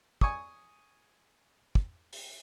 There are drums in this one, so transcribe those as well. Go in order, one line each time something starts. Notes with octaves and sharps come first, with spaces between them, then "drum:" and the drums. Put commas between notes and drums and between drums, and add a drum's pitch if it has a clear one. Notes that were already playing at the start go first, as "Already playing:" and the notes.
G#5 C#6 D#6, drum: kick
drum: kick
drum: open hi-hat